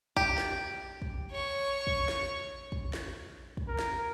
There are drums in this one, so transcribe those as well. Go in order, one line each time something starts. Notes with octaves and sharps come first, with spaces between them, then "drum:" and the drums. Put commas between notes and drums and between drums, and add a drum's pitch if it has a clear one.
G4, drum: kick
drum: snare
drum: kick
C#5 C#6
drum: kick
drum: snare
drum: kick
drum: snare
drum: kick
A#4
drum: snare